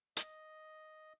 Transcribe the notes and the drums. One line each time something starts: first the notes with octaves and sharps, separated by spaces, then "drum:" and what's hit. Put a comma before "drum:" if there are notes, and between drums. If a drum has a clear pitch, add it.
D#5, drum: hi-hat